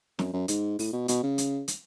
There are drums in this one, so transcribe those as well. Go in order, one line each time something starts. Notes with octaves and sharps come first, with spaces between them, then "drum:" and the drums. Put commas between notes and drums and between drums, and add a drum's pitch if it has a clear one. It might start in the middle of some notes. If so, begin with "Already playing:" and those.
F#2, drum: snare
F#2
G#2, drum: hi-hat
A2, drum: open hi-hat
B2
B2, drum: hi-hat
C#3
drum: hi-hat
drum: hi-hat